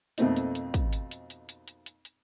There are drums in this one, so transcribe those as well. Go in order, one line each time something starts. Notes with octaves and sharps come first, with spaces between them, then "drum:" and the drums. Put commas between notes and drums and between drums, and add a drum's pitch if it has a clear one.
F2 B2 A3 A#3 C4 D#4, drum: hi-hat
drum: hi-hat
drum: hi-hat
drum: kick, hi-hat
drum: hi-hat
drum: hi-hat
drum: hi-hat
drum: hi-hat
drum: hi-hat
drum: hi-hat
drum: hi-hat